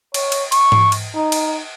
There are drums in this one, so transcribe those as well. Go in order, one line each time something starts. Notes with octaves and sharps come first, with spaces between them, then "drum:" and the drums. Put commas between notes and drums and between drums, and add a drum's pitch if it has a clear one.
C#5, drum: cymbal
drum: cymbal
C#6, drum: cymbal
drum: tom G#2
drum: cymbal
D#4
drum: cymbal